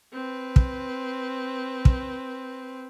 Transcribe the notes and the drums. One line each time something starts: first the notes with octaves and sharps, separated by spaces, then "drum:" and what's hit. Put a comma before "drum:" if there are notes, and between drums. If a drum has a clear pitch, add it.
C4 B4
drum: kick
drum: kick